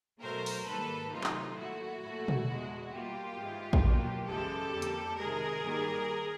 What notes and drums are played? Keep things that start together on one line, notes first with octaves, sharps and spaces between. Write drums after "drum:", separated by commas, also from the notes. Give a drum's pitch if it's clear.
B2 F#3 A3 A#4 C5
drum: open hi-hat
G#2 D#3 G3 A#3 A4 B4
C3 D#3 F#3 A3 D#4 F4
drum: clap
A#2 F#3 A3 E4 F#4
A#2 F#3 A3
drum: tom
E2 B2 G#3
B2 G3 A#3 F4 G4
G#2 E3 G#3
drum: kick A1
B2 F#3 A#3
F#2 C#3 E3 G#3 G4 A4
F2 D3 G3 A#3
drum: hi-hat
C3 D#3 G#3 G#4 A#4
G2 D#3 G3 A#3